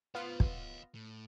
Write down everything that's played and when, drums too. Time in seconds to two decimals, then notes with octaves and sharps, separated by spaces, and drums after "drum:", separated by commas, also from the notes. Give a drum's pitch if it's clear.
0.15 B3 F4 C5 F#5
0.40 D#5 F5, drum: kick
0.95 A2